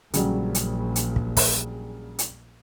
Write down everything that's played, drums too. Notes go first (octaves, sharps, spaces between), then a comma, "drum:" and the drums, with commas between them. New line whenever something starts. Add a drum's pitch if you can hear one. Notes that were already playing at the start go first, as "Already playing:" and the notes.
A#1 C#3 F#3 G3, drum: hi-hat
drum: hi-hat
drum: hi-hat
drum: kick
drum: kick, open hi-hat
drum: hi-hat